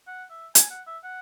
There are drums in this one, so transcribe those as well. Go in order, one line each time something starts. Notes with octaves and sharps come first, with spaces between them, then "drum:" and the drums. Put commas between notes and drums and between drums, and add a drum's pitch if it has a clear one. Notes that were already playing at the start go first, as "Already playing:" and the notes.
F#5
E5
G#5, drum: hi-hat
F#5
E5
F#5